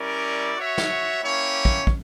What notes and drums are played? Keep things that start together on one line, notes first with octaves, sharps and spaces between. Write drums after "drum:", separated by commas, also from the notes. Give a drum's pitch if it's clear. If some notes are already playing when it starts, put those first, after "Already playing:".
Already playing: G3 C#4 E4 A#4 D5
F#4 C#5 E5
drum: snare
A#3 C#4 E4 G4 C#5
drum: kick
drum: kick